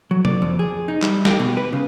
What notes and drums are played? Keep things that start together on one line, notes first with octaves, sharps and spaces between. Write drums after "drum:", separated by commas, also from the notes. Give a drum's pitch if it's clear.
F#3
D5, drum: tom
F2
G#4
D#4
G3, drum: clap
G4, drum: snare
B2
B4
C#3